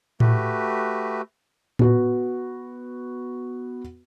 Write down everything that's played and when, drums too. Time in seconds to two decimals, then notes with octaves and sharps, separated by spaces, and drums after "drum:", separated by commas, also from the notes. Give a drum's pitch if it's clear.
0.20 A3 F#4 G4 B4, drum: tom A2
1.79 B3 F#4, drum: tom A2